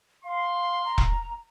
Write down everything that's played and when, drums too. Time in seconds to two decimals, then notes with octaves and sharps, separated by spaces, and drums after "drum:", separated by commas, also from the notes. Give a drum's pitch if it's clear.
0.24 F5 C6
0.85 A#5
0.98 drum: kick E1